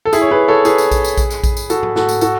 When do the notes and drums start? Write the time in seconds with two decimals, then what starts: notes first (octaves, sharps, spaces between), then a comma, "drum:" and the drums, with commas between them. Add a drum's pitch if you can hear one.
0.05 A4
0.13 E4 G#4, drum: tambourine
0.22 C#5
0.31 G#4 B4
0.48 A4 C#5
0.65 G#4 B4, drum: tambourine
0.78 drum: tambourine
0.91 drum: kick A#1, tambourine
1.04 drum: tambourine
1.17 drum: kick A#1, tambourine
1.31 drum: tambourine
1.44 drum: kick A#1, tambourine
1.57 drum: tambourine
1.70 F#4 A4, drum: tambourine
1.83 drum: tom G#2
1.96 F#4 A4, drum: snare
2.09 drum: tambourine
2.21 F#4 A4, drum: tambourine